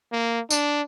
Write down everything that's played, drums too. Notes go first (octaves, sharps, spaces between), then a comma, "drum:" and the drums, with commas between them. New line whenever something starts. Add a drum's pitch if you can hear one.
A#3
D4, drum: tambourine